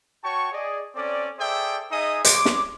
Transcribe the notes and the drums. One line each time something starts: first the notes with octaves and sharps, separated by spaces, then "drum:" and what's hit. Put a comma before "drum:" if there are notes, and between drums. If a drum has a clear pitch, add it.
F#4 C#5 G5 A5 C#6
G#4 D5 D#5
C4 C#4 A4 D5
G#4 A4 C5 D5 E5 G5
D#4 G#4 D#5 E5 G#5 D#6
G#3 C#5 C6 D6, drum: hi-hat
drum: snare